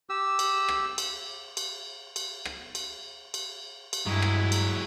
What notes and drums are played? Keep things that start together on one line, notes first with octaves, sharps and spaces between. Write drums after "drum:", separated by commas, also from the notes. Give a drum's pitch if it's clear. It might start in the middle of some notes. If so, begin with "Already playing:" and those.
G4 E6
drum: cymbal
drum: rim click
drum: cymbal
drum: cymbal
drum: cymbal
drum: rim click
drum: cymbal
drum: cymbal
drum: cymbal
G2 F#3 G#3 E4 G4
drum: rim click
drum: cymbal